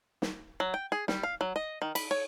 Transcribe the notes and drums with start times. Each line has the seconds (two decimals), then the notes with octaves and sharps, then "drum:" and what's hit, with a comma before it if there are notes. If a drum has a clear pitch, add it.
0.22 drum: snare
0.60 F#3
0.74 G5
0.92 G#4
1.08 G3, drum: snare
1.23 F5
1.41 F#3
1.56 D#5
1.82 D#3
1.95 B5, drum: cymbal
2.11 C#5